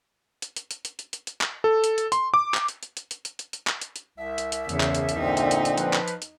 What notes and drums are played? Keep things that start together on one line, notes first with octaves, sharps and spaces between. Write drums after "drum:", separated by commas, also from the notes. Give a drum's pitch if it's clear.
drum: hi-hat
drum: hi-hat
drum: hi-hat
drum: hi-hat
drum: hi-hat
drum: hi-hat
drum: hi-hat
drum: clap
A4
drum: hi-hat
drum: hi-hat
C6, drum: hi-hat
D6
drum: clap
drum: hi-hat
drum: hi-hat
drum: hi-hat
drum: hi-hat
drum: hi-hat
drum: hi-hat
drum: hi-hat
drum: clap
drum: hi-hat
drum: hi-hat
C2 E5
drum: hi-hat
drum: hi-hat
E2 C#3, drum: hi-hat
drum: clap
drum: hi-hat
drum: hi-hat
A#2 D3 C4 D#4
drum: hi-hat
drum: hi-hat
drum: hi-hat
F3 B4, drum: hi-hat
drum: clap
drum: hi-hat
drum: hi-hat